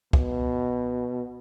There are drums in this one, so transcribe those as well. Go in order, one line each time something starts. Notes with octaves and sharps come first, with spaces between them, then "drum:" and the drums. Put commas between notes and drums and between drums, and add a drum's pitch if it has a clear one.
B2, drum: kick